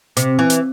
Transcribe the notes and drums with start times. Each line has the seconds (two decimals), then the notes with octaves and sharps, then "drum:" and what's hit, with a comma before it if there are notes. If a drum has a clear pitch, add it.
0.17 C3, drum: hi-hat
0.39 E3
0.50 drum: hi-hat